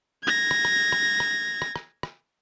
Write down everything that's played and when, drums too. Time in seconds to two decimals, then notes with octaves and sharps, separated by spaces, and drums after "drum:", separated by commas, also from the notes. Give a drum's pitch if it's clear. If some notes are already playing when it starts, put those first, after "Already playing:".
0.23 G#6 A#6
0.51 drum: rim click
0.65 drum: rim click
0.92 drum: rim click
1.20 drum: rim click
1.62 drum: rim click
1.76 drum: rim click
2.03 drum: rim click